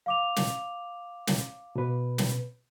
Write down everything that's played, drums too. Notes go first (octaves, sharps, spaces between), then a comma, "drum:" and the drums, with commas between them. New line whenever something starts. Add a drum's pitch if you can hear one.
F5 D6 F7
drum: snare
drum: snare
B2 B4
drum: snare